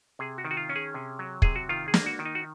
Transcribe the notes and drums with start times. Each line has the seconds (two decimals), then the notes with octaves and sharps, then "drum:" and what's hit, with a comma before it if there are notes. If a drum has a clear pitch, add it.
0.19 C3 G#4
0.38 F#4
0.45 D#3
0.51 F#4
0.57 F4
0.69 C#4
0.76 G#4
0.94 C3
1.19 F#3
1.42 C3 G#4, drum: kick
1.56 F#4
1.69 D#3 F4
1.88 G#4
1.94 A#3, drum: snare
2.06 F#4
2.19 D#3
2.25 D#4
2.35 F#4